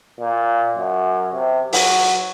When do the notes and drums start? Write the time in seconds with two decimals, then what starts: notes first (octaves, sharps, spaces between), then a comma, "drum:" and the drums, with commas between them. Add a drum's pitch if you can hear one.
0.21 A#2
0.77 F#2
1.34 C3
1.73 F#3, drum: open hi-hat